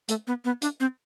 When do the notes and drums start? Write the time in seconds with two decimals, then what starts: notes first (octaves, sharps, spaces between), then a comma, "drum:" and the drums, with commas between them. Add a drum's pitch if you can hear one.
0.09 A3, drum: hi-hat
0.27 B3
0.45 B3
0.62 D4, drum: hi-hat
0.80 C4